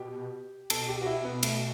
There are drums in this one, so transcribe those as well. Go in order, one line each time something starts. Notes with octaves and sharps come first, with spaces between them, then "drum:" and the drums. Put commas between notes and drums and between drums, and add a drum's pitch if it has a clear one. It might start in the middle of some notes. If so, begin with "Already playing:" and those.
Already playing: B2 G4
B2 A4, drum: cymbal
G4
F#4
E4
B3
A3, drum: cymbal